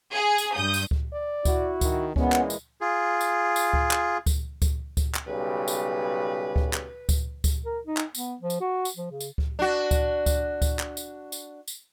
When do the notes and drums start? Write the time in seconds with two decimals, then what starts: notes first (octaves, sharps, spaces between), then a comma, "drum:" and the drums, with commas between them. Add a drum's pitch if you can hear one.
0.12 G#4
0.38 drum: tambourine
0.55 G2 D#6 G6
0.74 drum: tambourine
0.91 drum: kick C#2
1.13 D5
1.45 E4 F#4, drum: kick C#2, tambourine
1.81 D#3, drum: kick C#2, tambourine
2.16 A#2 E3 G#3 B3 C#4, drum: kick C#2
2.32 drum: clap
2.50 drum: tambourine
2.81 F4 G#4
3.21 drum: tambourine
3.56 drum: tambourine
3.73 drum: kick C#2
3.91 drum: clap
4.26 drum: kick C#2, tambourine
4.62 drum: kick C#2, tambourine
4.97 drum: kick C#2, tambourine
5.15 drum: clap
5.26 B1 C#3 G3 B4
5.68 drum: tambourine
6.56 drum: kick C#2
6.73 drum: clap
7.09 drum: kick C#2, tambourine
7.44 drum: kick C#2, tambourine
7.65 A#4
7.87 D#4
7.97 drum: clap
8.15 B3, drum: tambourine
8.41 F3
8.50 drum: tambourine
8.60 F#4
8.85 drum: tambourine
8.97 F3
9.11 C#3
9.20 drum: tambourine
9.38 drum: kick C#2
9.59 D4 F#4
9.91 drum: kick C#2, tambourine
10.26 drum: kick C#2, tambourine
10.62 drum: kick C#2, tambourine
10.79 drum: clap
10.97 drum: tambourine
11.32 drum: tambourine
11.67 drum: tambourine